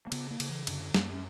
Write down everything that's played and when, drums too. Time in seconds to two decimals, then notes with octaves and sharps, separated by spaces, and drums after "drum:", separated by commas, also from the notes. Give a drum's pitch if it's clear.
0.07 A#3
0.12 C#3 B3, drum: cymbal
0.31 A#3
0.40 C#3, drum: cymbal
0.49 E3
0.67 F#2 D3, drum: cymbal
0.94 F#2 A#3, drum: snare
1.13 C#4